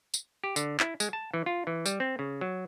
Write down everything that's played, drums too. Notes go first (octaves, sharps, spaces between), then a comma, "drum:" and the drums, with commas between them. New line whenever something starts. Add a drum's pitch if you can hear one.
drum: tambourine
G4
D3, drum: tambourine
E4, drum: clap
G#3, drum: tambourine
A5
E3
F4
E3
G3, drum: tambourine
C4
C#3
F#3